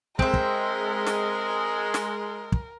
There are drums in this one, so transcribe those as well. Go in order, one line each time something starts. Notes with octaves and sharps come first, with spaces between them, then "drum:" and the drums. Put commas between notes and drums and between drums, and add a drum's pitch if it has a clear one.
G#3 C4 A#4 E5, drum: kick
drum: kick
drum: snare
drum: snare
drum: kick